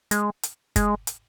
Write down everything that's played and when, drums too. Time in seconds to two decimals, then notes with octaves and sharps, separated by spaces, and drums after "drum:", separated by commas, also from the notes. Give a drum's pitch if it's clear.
0.11 G#3, drum: hi-hat
0.43 drum: hi-hat
0.76 G#3, drum: kick, hi-hat
1.07 drum: hi-hat